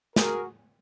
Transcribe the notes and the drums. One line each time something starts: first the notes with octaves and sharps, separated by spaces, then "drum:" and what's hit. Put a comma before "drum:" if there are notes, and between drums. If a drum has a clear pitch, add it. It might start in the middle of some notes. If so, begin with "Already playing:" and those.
F#4 G#4 A#4, drum: snare